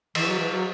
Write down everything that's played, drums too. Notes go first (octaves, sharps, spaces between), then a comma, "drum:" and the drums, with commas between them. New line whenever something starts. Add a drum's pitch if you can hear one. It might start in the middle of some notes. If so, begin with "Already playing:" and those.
E3, drum: cymbal
F#3
E3
F#3